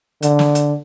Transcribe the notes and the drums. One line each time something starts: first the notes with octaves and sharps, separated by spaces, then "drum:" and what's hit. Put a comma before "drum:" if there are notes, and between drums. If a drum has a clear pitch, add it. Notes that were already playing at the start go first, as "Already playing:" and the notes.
D3, drum: hi-hat
drum: snare
drum: hi-hat